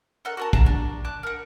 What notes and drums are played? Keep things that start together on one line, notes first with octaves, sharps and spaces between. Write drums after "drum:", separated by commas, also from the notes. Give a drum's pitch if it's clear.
A4 A#4 F#5 C#6
F#4 A#4 A5
A5 A#5, drum: kick
D4
A5 D6 F#6
A#4 F#5